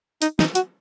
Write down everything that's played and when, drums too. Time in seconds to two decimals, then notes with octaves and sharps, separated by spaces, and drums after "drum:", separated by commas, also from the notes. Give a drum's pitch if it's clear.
0.22 D#4, drum: hi-hat
0.39 D#4, drum: snare
0.55 F#4, drum: hi-hat